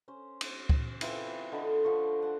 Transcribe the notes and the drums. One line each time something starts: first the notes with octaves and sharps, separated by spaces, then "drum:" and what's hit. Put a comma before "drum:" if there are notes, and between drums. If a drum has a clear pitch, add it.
C#4 C5
drum: cymbal
drum: kick C#2
E3 C4 F4 B4, drum: cymbal
D3 D#5 B5
D3 F3 B4 C#6
F#5 A5